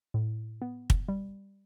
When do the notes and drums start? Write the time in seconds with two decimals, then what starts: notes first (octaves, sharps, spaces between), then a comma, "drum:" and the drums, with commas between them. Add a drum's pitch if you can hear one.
0.14 A2
0.62 B3
0.90 drum: kick
1.08 G3